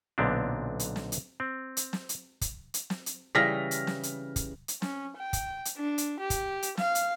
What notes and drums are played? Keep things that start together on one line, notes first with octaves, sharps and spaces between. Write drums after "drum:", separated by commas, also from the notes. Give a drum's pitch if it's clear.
B1 A#2 D3 B3 C4 D4
drum: hi-hat
drum: snare
drum: hi-hat
C4
drum: hi-hat
drum: snare
drum: hi-hat
drum: kick, hi-hat
drum: hi-hat
drum: snare
drum: hi-hat
C#3 E3 G3 F6 A#6 B6
drum: hi-hat
drum: snare
drum: hi-hat
drum: kick, hi-hat
drum: hi-hat
C#4, drum: snare
G5
drum: kick, hi-hat
drum: hi-hat
D4
drum: hi-hat
G4
drum: kick, hi-hat
drum: hi-hat
F5, drum: snare
drum: hi-hat